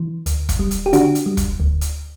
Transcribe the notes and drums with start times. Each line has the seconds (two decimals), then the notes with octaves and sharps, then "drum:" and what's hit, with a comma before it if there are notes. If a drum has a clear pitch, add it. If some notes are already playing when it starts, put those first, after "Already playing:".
Already playing: E3
0.26 D2, drum: hi-hat
0.49 drum: kick, hi-hat
0.59 G3
0.71 drum: hi-hat
0.86 G4
0.93 D3 D4 F#4, drum: hi-hat
1.15 drum: hi-hat
1.26 G3
1.37 drum: kick, hi-hat
1.60 D2
1.81 drum: hi-hat